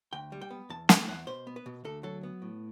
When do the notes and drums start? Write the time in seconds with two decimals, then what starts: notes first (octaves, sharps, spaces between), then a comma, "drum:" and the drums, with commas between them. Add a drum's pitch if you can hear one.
0.13 D2 G5
0.32 G3
0.41 G5
0.51 B3
0.70 E2 A5
0.89 A3 G5, drum: snare
1.08 E2 F#5
1.27 B2 C5
1.47 B3
1.56 B4
1.66 B2
1.85 D2 A4
2.03 F#3 A4
2.23 B3
2.42 A2